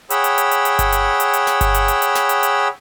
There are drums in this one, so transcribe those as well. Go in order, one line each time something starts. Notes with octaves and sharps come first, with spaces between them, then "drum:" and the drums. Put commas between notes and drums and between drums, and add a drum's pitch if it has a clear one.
G#4 C#5 F#5 G5 B5 E6, drum: hi-hat
drum: hi-hat
drum: hi-hat
drum: hi-hat
drum: hi-hat
drum: kick G1, hi-hat
drum: hi-hat
drum: hi-hat
drum: hi-hat
drum: snare
drum: kick G1, hi-hat
drum: hi-hat
drum: hi-hat
drum: hi-hat
drum: snare
drum: hi-hat
drum: hi-hat